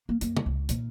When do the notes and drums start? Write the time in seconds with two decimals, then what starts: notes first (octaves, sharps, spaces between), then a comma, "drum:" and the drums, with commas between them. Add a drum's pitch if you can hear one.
0.09 A#3
0.21 F#2 A#3, drum: hi-hat
0.37 drum: tom
0.46 C#2
0.69 A#2 D#3, drum: hi-hat